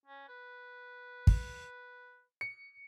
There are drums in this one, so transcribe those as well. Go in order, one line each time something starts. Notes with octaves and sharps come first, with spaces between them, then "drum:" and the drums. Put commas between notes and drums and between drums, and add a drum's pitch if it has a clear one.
C#4
B4
drum: kick
C#7